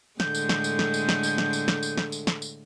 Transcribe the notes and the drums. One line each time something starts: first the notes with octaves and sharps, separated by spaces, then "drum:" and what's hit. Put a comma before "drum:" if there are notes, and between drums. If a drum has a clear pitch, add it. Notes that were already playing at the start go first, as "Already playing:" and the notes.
A2 D3 G#3 G6, drum: snare
drum: tambourine
drum: snare
drum: tambourine
drum: snare
drum: tambourine
drum: snare
drum: tambourine
drum: snare
drum: tambourine
drum: snare
drum: tambourine
drum: snare
drum: tambourine
drum: snare
drum: tambourine